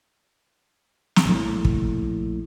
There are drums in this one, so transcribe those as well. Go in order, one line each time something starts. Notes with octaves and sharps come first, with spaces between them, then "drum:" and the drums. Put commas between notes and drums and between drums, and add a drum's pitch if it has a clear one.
drum: snare
A#1 A2
drum: kick